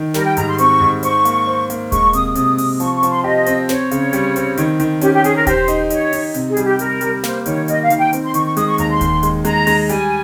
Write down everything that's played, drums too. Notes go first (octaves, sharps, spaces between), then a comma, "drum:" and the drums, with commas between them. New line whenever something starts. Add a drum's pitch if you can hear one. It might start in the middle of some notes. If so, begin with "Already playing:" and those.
Already playing: D#3
G3 A#4, drum: snare
G5
G#2 A#5, drum: hi-hat
C6
C4 C#6, drum: hi-hat
G#2
C5 C#6, drum: hi-hat
A#3, drum: hi-hat
C5
A#3, drum: hi-hat
G#3 C#6, drum: kick D#1, hi-hat
C3 D#6, drum: hi-hat
C3 D#6, drum: hi-hat
C3, drum: open hi-hat
F3 C#6, drum: hi-hat
C#6
F3, drum: hi-hat
C6
G4 D#5
C4, drum: hi-hat
C4 C#5, drum: snare
C#3, drum: hi-hat
G3, drum: hi-hat
C4, drum: hi-hat
D#3, drum: hi-hat
D#3, drum: hi-hat
C#4 G4, drum: hi-hat
G4
C#4 G#4, drum: hi-hat
A#4
G4 C5, drum: kick D#1, hi-hat
D#4, drum: hi-hat
D#4 C#5, drum: hi-hat
D#4, drum: open hi-hat
C3, drum: hi-hat
G#4
G3, drum: hi-hat
G4
G3 A#4, drum: hi-hat
G3, drum: hi-hat
A#3 C5, drum: snare
D#3 C#5, drum: hi-hat
A#3 D#5, drum: hi-hat
F5
D#3, drum: hi-hat
G5
C4, drum: hi-hat
C6
D#3 C#6, drum: hi-hat
C#6
G#3 D#6, drum: hi-hat
C#6
D#2 A#5, drum: hi-hat
C6
D#3, drum: kick D#1, hi-hat
G#3, drum: hi-hat
G#3 A#5, drum: hi-hat
G#3, drum: open hi-hat
G3 G#5, drum: hi-hat